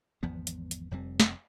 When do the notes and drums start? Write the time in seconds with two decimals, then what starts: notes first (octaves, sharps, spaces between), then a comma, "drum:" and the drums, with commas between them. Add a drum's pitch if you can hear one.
0.23 G#1 E2 F3 B3
0.47 drum: hi-hat
0.71 drum: hi-hat
0.91 F1 F2 G3 C4
1.20 drum: snare